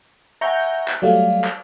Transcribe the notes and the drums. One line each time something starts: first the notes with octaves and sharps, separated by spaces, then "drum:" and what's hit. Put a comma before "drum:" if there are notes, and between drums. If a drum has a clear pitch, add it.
E5 F#5 G#5 A#5 C#6 G6
drum: tambourine
drum: tambourine
drum: clap
F#3 G3 A3 D5 F5, drum: tambourine
drum: tambourine
drum: tambourine
drum: clap